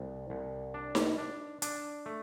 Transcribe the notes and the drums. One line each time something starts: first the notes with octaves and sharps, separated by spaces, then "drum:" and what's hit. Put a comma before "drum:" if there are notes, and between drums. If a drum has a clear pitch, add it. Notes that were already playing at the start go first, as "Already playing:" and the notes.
Already playing: C2
C2
D4
drum: snare D#4
D4
D4, drum: hi-hat
A3